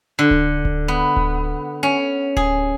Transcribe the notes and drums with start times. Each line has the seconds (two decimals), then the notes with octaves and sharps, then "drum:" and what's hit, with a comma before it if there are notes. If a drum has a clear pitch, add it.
0.19 D3
0.31 drum: kick D1
0.65 drum: kick D1
0.88 B3
1.16 drum: kick D1
1.83 C#4
2.37 G#4, drum: kick D1